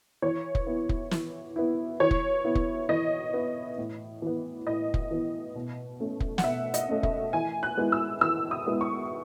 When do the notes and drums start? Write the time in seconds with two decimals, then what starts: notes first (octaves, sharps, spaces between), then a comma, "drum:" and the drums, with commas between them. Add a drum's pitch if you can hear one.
0.22 E3 C#5
0.55 drum: kick
0.67 B3 E4
0.89 drum: kick
1.11 E3, drum: snare
1.56 B3 E4
2.00 E3 C#5
2.11 drum: kick
2.44 B3 E4
2.55 drum: kick
2.89 E3 D#5
3.34 B3 E4
3.78 A2
4.22 E3 B3
4.67 A2 D#5
4.94 drum: kick
5.11 E3 B3
5.55 B2
6.00 A3 C#4
6.20 drum: kick
6.38 F#5, drum: snare
6.44 B2 E5
6.74 D#5, drum: hi-hat
6.89 A3 C#4
7.03 E5, drum: kick
7.33 E3 G#5
7.63 F#6
7.77 G#3 B3 E4
7.92 E6
8.21 E3 E6
8.51 D#6
8.67 G#3 B3 E4
8.81 C#6